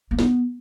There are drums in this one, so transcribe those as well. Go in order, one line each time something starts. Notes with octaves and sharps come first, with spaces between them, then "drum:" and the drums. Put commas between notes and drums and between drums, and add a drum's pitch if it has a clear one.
A#3
B3, drum: snare